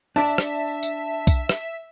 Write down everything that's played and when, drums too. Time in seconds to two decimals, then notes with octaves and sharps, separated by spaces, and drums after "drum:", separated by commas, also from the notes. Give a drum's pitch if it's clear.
0.16 D4 D5 E5 A5
0.38 drum: rim click
0.83 drum: tambourine
1.27 drum: kick B1, tambourine
1.49 drum: rim click